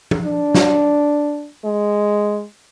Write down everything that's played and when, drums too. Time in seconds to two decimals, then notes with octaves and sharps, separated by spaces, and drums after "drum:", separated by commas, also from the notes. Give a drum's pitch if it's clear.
0.11 drum: tom
0.25 D4
0.55 drum: snare
1.65 G#3